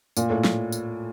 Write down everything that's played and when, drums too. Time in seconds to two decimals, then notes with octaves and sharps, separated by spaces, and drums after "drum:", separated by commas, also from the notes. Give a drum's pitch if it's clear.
0.17 A#2, drum: tambourine
0.30 A2
0.44 drum: snare
0.72 drum: tambourine